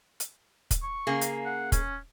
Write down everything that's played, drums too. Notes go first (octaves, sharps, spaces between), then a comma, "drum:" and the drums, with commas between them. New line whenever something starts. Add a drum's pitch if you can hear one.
drum: hi-hat
drum: kick, hi-hat
C#6
C#3 A#3 G#4
drum: hi-hat
F#5
C#4, drum: kick, hi-hat